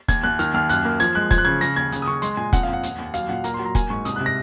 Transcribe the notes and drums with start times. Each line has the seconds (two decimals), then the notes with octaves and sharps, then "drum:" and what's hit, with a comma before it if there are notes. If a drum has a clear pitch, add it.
0.08 D#2 G#6, drum: kick, hi-hat
0.23 D#2 F#6
0.39 D#3 F6, drum: hi-hat
0.54 D#2 F6
0.69 F#2 F#6, drum: hi-hat
0.85 A#3
1.00 F3 G#6, drum: hi-hat
1.15 G#3 F#6
1.31 F3 G#6, drum: kick, hi-hat
1.38 F#6
1.45 C#3 G#6
1.61 C#3 A#6, drum: hi-hat
1.76 D#2 G#6
1.92 C#3, drum: hi-hat
2.02 D#6
2.07 C#3 C#6
2.22 G#3 C6, drum: hi-hat
2.37 A#2 G#5
2.53 F2 F#5, drum: kick, hi-hat
2.63 F5
2.68 F2
2.73 F#5
2.83 D#2, drum: hi-hat
2.99 D#2
3.14 F#3 F5, drum: hi-hat
3.29 A#2 F#5
3.44 A#3 A#5, drum: hi-hat
3.54 C6
3.59 F#3
3.65 A#5
3.75 A#3 G#5, drum: kick, hi-hat
3.90 G#2 C#6
4.05 C2 D#6, drum: hi-hat
4.16 F#6
4.20 C3
4.26 A#6